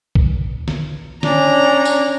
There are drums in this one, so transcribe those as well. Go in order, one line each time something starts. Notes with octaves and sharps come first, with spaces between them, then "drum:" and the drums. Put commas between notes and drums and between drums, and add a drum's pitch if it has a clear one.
drum: kick
drum: snare
C#4 D4 A#5, drum: snare
drum: tambourine